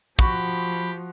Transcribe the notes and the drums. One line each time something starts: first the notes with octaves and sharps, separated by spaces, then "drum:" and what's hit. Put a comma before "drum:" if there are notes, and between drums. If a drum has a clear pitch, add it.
F3 F#4 G4 B5, drum: kick